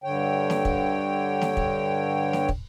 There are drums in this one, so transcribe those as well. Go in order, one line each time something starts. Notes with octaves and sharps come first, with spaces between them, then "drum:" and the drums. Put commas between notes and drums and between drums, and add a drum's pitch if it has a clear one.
G2 D3 C#5 G5
drum: snare
drum: kick
drum: snare
drum: kick
drum: snare
drum: kick